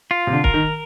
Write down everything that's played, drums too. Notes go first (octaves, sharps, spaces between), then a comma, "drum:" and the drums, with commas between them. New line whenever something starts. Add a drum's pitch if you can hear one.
F4
C3
D3
A#4, drum: kick
D#3